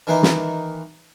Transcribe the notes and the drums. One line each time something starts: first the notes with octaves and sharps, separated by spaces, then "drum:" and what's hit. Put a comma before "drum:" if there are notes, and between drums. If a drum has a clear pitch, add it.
D#3 E3 A#3 D#4 E4
drum: snare